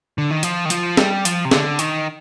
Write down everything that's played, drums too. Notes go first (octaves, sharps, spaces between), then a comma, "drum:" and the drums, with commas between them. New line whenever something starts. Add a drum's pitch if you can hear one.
D3
D#3
F3, drum: hi-hat
D#3
F3, drum: hi-hat
G3, drum: snare
F3, drum: hi-hat
C3
D3, drum: snare
D#3, drum: hi-hat